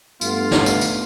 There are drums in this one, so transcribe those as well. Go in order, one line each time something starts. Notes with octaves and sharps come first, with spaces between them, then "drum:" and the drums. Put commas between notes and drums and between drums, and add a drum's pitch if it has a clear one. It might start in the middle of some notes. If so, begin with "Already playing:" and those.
G2 A3 B3 F4, drum: tambourine
drum: snare
drum: tambourine
drum: tambourine